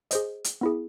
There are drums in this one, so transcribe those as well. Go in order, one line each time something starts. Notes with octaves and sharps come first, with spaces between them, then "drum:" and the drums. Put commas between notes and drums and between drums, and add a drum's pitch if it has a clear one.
G#4 C5 D#5, drum: hi-hat
drum: hi-hat
B3 E4 G#4